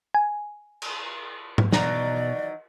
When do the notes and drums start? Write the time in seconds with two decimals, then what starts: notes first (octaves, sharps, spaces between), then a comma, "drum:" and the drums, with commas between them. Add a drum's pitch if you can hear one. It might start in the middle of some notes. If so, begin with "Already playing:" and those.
0.14 G#5
0.82 drum: cymbal
1.58 drum: tom G#2
1.72 B2 D#3 E3 F#3 D5 A#5, drum: snare